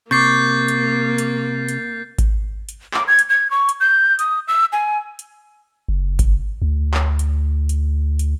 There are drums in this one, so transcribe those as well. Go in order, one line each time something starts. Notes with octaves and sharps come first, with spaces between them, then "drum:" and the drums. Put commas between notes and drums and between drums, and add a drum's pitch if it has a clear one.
C3 A#3 C#6 D6 G6 A6 C7
drum: hi-hat
drum: hi-hat
drum: hi-hat
drum: kick G#1, hi-hat
drum: hi-hat
D6, drum: clap
G#6
drum: hi-hat
G#6
C#6
drum: hi-hat
G6
D#6, drum: hi-hat
E6
G#5
drum: hi-hat
F#1
drum: kick G#1, hi-hat
D2
drum: clap
drum: hi-hat
drum: hi-hat
drum: hi-hat